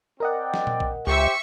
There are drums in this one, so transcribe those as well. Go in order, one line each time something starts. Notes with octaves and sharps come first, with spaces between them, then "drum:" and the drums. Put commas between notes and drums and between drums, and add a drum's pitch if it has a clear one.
C4 A#4 D5 D#5 F#5 G5
drum: snare
drum: tom A#2
drum: kick
C#2 G4 C5 E5 C#6